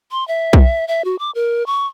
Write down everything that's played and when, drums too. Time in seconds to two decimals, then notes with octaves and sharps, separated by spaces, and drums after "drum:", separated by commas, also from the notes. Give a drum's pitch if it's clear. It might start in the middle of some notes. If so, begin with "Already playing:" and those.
0.11 C6
0.28 E5
0.53 drum: kick B1
0.88 E5
1.05 F#4
1.19 D6
1.35 A#4
1.66 C#6